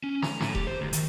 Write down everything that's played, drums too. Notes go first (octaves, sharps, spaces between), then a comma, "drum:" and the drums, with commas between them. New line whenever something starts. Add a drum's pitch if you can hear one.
C#4
A#5, drum: snare
A2, drum: snare
G4, drum: kick D#1
C5
D2
D#3, drum: hi-hat